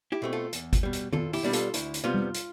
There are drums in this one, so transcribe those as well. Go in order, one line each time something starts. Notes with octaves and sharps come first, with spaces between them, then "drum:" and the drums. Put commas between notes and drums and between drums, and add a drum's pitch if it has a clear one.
E4 G4
B2 A3 C4
F4 A4
E2, drum: hi-hat
drum: kick G1, hi-hat
B2 G3
drum: hi-hat
E2 F4 A4, drum: tom
E4 G4, drum: open hi-hat
B2 G3 B3 D4
F4 A4, drum: hi-hat
D2 E4, drum: hi-hat
drum: hi-hat
C3 G3 B3 F4
drum: tom G3
drum: hi-hat